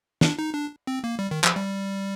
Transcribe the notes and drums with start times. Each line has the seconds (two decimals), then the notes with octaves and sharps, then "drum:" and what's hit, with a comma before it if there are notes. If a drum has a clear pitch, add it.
0.21 D4, drum: snare
0.39 D#4
0.55 D4
0.87 C4
1.04 A#3
1.19 G3
1.31 D#3
1.44 F3, drum: clap
1.56 G3